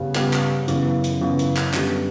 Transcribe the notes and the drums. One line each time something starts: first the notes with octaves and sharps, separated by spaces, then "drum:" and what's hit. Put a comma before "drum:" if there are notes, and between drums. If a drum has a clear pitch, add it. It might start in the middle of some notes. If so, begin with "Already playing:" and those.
Already playing: G2 C#3 G3 B3
C#3 G3 B3, drum: clap
drum: clap
F#2 C#3 E3 B3, drum: hi-hat
drum: hi-hat
F#2 C#3 E3 B3
drum: hi-hat
drum: clap
D3 G3 B3, drum: clap